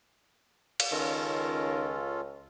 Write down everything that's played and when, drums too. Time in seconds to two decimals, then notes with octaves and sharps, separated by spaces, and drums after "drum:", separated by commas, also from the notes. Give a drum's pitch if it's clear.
0.80 drum: cymbal
0.91 C#2 D#3 C#4 F4 A4